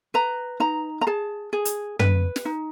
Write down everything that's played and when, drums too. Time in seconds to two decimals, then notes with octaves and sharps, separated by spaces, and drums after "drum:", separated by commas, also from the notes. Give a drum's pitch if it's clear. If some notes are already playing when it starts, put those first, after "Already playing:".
0.14 B4 A#5
0.60 D#4 A#5
1.01 A#5
1.07 G#4 A5
1.53 G#4
1.65 drum: hi-hat
1.99 B4, drum: tom
2.36 drum: snare
2.45 D#4